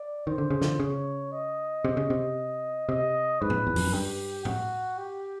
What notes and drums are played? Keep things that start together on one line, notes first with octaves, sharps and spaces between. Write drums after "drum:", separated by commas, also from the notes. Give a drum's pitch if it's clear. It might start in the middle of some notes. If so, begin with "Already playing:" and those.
Already playing: D5
D#3 C5
D3
C#3
D3, drum: snare
C#3 C#5
D#5
C3
C#3
C3
C3 D#5
G#2 B4
drum: tom A2
E2
F2, drum: open hi-hat
F#2
G2 G4
F#4, drum: tom A2
G4